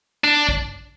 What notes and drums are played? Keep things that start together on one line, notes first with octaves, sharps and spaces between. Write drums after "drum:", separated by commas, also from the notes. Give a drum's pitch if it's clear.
D4
drum: kick